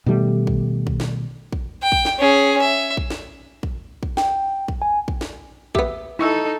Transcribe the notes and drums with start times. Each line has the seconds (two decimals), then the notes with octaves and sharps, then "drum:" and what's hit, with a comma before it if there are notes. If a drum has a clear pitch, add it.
0.06 B2 D#3 G3 A3
0.47 drum: kick
0.87 drum: kick
1.00 drum: snare
1.52 drum: kick
1.82 G5
1.92 drum: kick
2.05 drum: snare
2.19 C#4 G#4
2.61 E5
2.97 drum: kick
3.10 drum: snare
3.63 drum: kick
4.03 drum: kick
4.17 G5, drum: snare
4.68 drum: kick
4.82 G#5
5.08 drum: kick
5.21 drum: snare
5.75 B3 G4 E5, drum: kick
6.19 D#4 E4 A4 C#6 E6